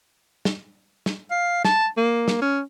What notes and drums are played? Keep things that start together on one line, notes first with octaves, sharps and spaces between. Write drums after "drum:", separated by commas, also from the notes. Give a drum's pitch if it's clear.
drum: snare
drum: snare
F5
A5, drum: snare
A#3
drum: snare
C#4